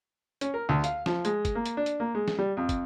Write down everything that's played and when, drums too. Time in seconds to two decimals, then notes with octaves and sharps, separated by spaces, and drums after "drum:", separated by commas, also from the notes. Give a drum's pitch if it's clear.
0.41 C#4, drum: hi-hat
0.54 A#4
0.69 D2
0.84 F5, drum: hi-hat
1.06 F3, drum: snare
1.25 G#3, drum: hi-hat
1.45 drum: kick, hi-hat
1.55 A#3
1.66 drum: hi-hat
1.77 D4
1.86 drum: hi-hat
2.00 A#3
2.15 G#3
2.28 drum: snare
2.39 G3
2.57 F2
2.69 drum: kick, hi-hat